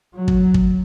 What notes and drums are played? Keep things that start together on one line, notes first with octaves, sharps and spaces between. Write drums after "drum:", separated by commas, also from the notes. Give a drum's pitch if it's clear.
F#3
drum: kick
drum: kick